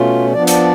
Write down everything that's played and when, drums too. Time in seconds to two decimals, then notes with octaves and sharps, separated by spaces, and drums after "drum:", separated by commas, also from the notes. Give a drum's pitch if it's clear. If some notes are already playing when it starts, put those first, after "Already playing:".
Already playing: B2 A3 C#4 F4
0.33 F3 B3 D4 D5
0.47 D5, drum: hi-hat